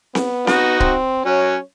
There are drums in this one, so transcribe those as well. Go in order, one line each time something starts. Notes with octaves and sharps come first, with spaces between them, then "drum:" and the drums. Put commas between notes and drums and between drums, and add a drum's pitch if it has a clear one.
B3, drum: snare C4
D#4 F#4, drum: snare C4
C4, drum: kick C#1
F#3 C#4 C#5